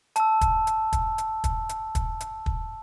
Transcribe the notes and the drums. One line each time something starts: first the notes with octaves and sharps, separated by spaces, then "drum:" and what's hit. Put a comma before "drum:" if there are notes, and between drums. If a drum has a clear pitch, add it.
A5 E6, drum: hi-hat
drum: kick, hi-hat
drum: hi-hat
drum: kick, hi-hat
drum: hi-hat
drum: kick, hi-hat
drum: hi-hat
drum: kick, hi-hat
drum: hi-hat
drum: kick